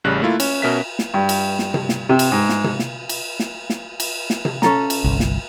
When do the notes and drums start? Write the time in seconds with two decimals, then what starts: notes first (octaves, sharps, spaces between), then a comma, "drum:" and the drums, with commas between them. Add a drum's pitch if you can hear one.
0.04 A1 C#3 G3 F#6
0.22 A3 A#3 E4 F4
0.40 C#4, drum: cymbal
0.62 B2 C#4 A#4 E5 B6
0.99 drum: snare
1.14 G2
1.29 drum: cymbal
1.59 drum: snare
1.74 drum: tom C3
1.89 drum: snare
2.09 C3
2.19 drum: cymbal
2.32 G#2
2.49 drum: snare
2.64 drum: tom C3
2.79 drum: snare
3.09 drum: cymbal
3.40 drum: snare
3.70 drum: snare
4.00 drum: cymbal
4.30 drum: snare
4.45 drum: tom C3
4.62 C#4 A4 A#5, drum: snare
4.90 drum: cymbal
5.04 G1 C2
5.20 drum: snare